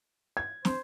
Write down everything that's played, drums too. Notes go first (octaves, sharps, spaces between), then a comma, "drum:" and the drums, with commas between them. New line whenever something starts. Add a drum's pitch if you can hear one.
G#6
C5, drum: snare